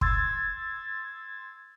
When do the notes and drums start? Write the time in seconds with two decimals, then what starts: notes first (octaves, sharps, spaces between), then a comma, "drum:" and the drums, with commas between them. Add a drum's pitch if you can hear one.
0.01 C6 E6 G#6 A6, drum: kick